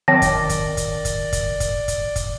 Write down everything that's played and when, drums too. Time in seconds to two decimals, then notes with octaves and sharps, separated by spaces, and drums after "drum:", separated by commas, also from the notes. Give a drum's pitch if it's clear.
0.08 D#3 F#3 C4 D5 A5 A#6
0.22 drum: kick, hi-hat
0.49 drum: kick, hi-hat
0.77 drum: kick, hi-hat
1.05 drum: kick, hi-hat
1.33 drum: kick, hi-hat
1.60 drum: kick, hi-hat
1.88 drum: kick, hi-hat
2.16 drum: kick, hi-hat